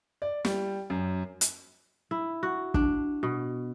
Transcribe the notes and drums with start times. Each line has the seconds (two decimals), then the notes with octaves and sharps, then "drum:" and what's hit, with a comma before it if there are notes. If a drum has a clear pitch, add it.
0.22 D5
0.45 G3, drum: snare
0.90 F#2
1.41 drum: hi-hat
2.11 E4
2.43 F#4
2.74 D4, drum: kick
3.23 B2